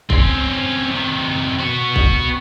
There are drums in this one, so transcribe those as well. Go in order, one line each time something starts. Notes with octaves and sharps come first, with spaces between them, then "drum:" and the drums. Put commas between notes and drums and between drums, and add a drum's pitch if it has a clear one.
C4 C#4, drum: kick B1
C3 D#3
B3 F#4
drum: kick B1